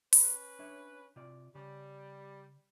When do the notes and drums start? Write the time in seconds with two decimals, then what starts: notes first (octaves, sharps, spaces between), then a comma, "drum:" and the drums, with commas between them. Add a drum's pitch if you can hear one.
0.13 C#4 B4, drum: open hi-hat
0.59 D4 C#5 E5
1.16 C3 F4 D5
1.55 C#3 G3